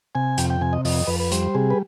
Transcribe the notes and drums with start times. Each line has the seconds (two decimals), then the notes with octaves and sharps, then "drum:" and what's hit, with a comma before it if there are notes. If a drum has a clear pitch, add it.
0.15 C3 G#5
0.38 F2 G5, drum: hi-hat
0.50 G5
0.61 C3 G#5
0.73 D#5
0.85 F2 D#5, drum: open hi-hat
1.07 F2 B4
1.20 B4
1.31 G3 C5, drum: hi-hat
1.55 C3 G#4
1.70 B4